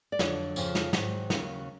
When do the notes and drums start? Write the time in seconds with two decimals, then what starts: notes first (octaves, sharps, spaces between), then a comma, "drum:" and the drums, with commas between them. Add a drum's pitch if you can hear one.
0.12 D5
0.19 F2 D3 F#3 C#5, drum: snare
0.56 F2 C#3 F3, drum: tambourine
0.75 drum: snare
0.93 G#2 D#3 F#3, drum: snare
1.30 D#2 C#3 F#3, drum: snare